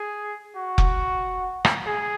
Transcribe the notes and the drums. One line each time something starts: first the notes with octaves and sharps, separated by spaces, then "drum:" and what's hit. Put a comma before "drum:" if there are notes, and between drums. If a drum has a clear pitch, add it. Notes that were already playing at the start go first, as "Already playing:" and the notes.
Already playing: G#4
F#4
drum: kick F1
drum: rim click
G#4